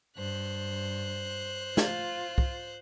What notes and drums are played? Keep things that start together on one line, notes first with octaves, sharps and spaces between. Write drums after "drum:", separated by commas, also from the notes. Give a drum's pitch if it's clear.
G2 C5 F#6
F4, drum: snare
drum: kick